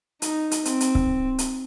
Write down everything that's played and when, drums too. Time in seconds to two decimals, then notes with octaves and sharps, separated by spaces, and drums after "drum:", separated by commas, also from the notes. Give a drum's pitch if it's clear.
0.22 D#4, drum: hi-hat
0.51 drum: hi-hat
0.65 C4, drum: hi-hat
0.80 drum: hi-hat
0.95 drum: kick C#1
1.39 drum: hi-hat